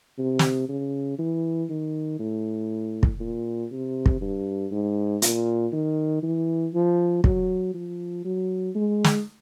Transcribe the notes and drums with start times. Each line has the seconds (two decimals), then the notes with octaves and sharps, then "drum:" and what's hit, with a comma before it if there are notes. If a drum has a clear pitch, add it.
0.18 C3
0.39 drum: snare
0.68 C#3
1.19 E3
1.70 D#3
2.19 A2
3.03 drum: kick
3.20 A#2
3.71 C3
4.06 drum: kick
4.21 G2
4.72 G#2
5.22 A#2, drum: hi-hat
5.73 D#3
6.23 E3
6.74 F3
7.24 F#3, drum: kick
7.74 F3
8.25 F#3
8.75 G#3
9.04 drum: snare